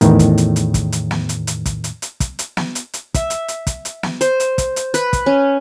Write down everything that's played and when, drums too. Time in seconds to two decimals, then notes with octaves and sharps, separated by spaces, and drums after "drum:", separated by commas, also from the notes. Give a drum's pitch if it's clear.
0.01 E2 A2 D#3, drum: hi-hat
0.19 drum: kick, hi-hat
0.38 drum: hi-hat
0.56 drum: hi-hat
0.74 drum: kick, hi-hat
0.92 drum: hi-hat
1.11 drum: snare
1.29 drum: hi-hat
1.47 drum: hi-hat
1.66 drum: kick, hi-hat
1.84 drum: hi-hat
2.02 drum: hi-hat
2.20 drum: kick, hi-hat
2.39 drum: hi-hat
2.57 drum: snare
2.75 drum: hi-hat
2.94 drum: hi-hat
3.14 E5, drum: kick, hi-hat
3.30 drum: hi-hat
3.48 drum: hi-hat
3.67 drum: kick, hi-hat
3.85 drum: hi-hat
4.03 drum: snare
4.21 C5, drum: hi-hat
4.40 drum: hi-hat
4.58 drum: kick, hi-hat
4.76 drum: hi-hat
4.94 B4, drum: hi-hat
5.13 drum: kick, hi-hat
5.26 C#4